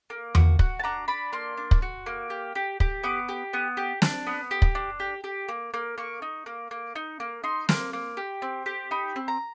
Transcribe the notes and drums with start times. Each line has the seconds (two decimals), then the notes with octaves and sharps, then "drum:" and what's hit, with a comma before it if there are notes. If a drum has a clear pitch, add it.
0.10 A#3
0.35 F#4, drum: tom E2
0.59 F#4, drum: kick
0.79 A5
0.84 D4 A#5
1.08 D4 B5
1.33 A#3 C6
1.57 D4
1.71 drum: kick
1.82 F#4
2.06 A#3
2.30 G4
2.55 G4
2.80 G4, drum: kick
3.03 B3 D6
3.29 G4
3.53 B3
3.77 G4
4.02 D4, drum: snare
4.27 B3
4.51 G4
4.62 drum: kick
4.75 D4
5.00 G4
5.24 G4
5.48 A#3
5.74 A#3
5.98 A#3 C#6
6.22 D#4
6.46 A#3
6.71 A#3
6.96 D#4
7.20 A#3
7.44 D#4 C6
7.69 A#3, drum: snare
7.93 A#3
8.17 G4
8.42 C4
8.66 G4
8.91 D#4 B5
9.16 C4
9.28 A#5